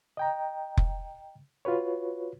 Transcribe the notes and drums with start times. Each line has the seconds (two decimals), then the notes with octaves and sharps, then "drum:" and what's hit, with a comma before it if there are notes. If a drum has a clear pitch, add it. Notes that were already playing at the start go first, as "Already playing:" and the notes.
0.17 D#5 G5 A#5
0.77 drum: kick F1
1.65 F4 F#4 B4 C#5